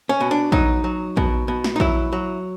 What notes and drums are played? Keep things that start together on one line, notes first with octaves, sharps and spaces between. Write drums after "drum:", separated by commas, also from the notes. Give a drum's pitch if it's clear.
C#4
B2
D4
F#3 D#4, drum: kick A#1
F#3
B2, drum: kick A#1
B2
drum: snare
D#4
F#3 E4, drum: kick A#1
F#3